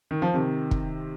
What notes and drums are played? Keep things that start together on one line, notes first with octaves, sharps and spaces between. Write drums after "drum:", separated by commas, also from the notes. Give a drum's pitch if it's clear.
D#3
F3
C3 D#3
drum: kick